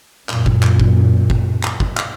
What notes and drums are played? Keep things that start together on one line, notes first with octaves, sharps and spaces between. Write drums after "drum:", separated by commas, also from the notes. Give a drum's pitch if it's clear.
F#2 A#2, drum: clap
drum: kick
drum: clap
drum: kick
drum: kick
drum: clap
drum: kick
drum: clap